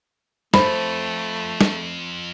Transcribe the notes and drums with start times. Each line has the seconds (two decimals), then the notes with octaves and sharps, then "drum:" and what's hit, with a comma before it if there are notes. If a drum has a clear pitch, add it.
0.54 F2 A3 C5 B5, drum: snare
1.61 drum: snare